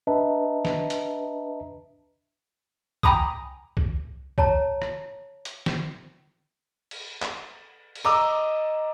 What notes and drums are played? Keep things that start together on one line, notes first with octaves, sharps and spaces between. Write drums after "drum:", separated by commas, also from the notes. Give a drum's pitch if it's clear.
D4 B4 D#5 E5 A5 A#5
drum: snare
drum: hi-hat
G5 G#5 A#5 B5 D6 D#6, drum: kick
drum: kick
C#5 A5 A#5, drum: kick
drum: rim click
drum: hi-hat
drum: snare
drum: cymbal
drum: clap
drum: cymbal
D#5 A#5 D6 E6